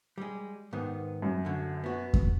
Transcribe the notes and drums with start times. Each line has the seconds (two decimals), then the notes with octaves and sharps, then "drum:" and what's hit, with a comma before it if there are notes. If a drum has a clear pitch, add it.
0.18 G3 G#3
0.73 G#2 D#3 B3
1.22 F#2
1.45 D2 D3
1.84 B3 F#4
2.14 drum: kick E2